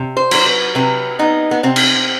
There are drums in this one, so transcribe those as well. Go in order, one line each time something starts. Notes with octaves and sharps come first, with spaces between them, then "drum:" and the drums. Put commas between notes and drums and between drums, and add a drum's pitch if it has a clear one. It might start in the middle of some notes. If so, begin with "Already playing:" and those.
Already playing: C3
C5
F#3 C5, drum: cymbal
B4
C3 B4
B3 D#4
B3
C3 C4
drum: cymbal